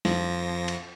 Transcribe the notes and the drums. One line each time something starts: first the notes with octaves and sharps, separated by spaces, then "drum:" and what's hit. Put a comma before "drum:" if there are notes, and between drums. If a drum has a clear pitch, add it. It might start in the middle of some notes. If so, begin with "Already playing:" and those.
F2 F3 A#6, drum: snare
drum: cymbal